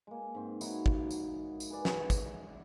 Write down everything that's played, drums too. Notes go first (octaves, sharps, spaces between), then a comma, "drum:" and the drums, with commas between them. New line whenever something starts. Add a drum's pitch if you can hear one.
G#3 A#3
G#2 C4
D#4 E4 F#4 C#5, drum: tambourine
drum: kick
drum: tambourine
drum: tambourine
G#4 B4 D5
drum: snare
drum: kick, tambourine